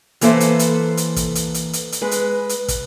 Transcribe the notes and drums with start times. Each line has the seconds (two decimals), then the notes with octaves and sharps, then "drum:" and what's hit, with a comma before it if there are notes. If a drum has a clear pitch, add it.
0.21 E3 A#3 A4 B4 C5, drum: hi-hat
0.40 drum: hi-hat
0.59 drum: hi-hat
0.97 drum: hi-hat
1.16 drum: kick, hi-hat
1.35 drum: hi-hat
1.54 drum: hi-hat
1.73 drum: hi-hat
1.92 drum: hi-hat
2.01 G#3 B4
2.11 drum: hi-hat
2.49 drum: hi-hat
2.68 drum: kick, hi-hat